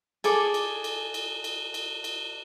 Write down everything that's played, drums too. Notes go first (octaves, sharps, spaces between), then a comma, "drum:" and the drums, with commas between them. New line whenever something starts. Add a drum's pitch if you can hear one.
G#4 A4 D6, drum: cymbal
drum: cymbal
drum: cymbal
drum: cymbal
drum: cymbal
drum: cymbal
drum: cymbal